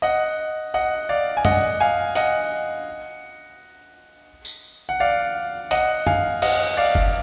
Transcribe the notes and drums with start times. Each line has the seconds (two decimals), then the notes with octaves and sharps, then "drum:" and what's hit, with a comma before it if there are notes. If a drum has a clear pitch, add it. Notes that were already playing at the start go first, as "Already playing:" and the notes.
0.02 D#5 F#5
0.74 D#5 F#5
1.09 D5 F5
1.37 G#5
1.45 D#5 F#5, drum: tom
1.80 F5 G#5
2.15 D#5 F#5, drum: hi-hat
4.45 drum: tambourine
4.89 F#5
5.00 D5 F5
5.71 D#5 F#5, drum: hi-hat
6.06 F5 G#5, drum: tom
6.42 D#5 F#5, drum: cymbal
6.77 D5 F5
6.95 drum: kick F#1